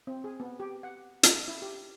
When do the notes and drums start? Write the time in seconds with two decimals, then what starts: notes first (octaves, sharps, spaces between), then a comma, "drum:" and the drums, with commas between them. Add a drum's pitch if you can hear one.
0.07 C4
0.24 G#4
0.40 B3
0.60 G4
0.83 F#5
1.23 A4, drum: hi-hat
1.48 E4
1.62 G4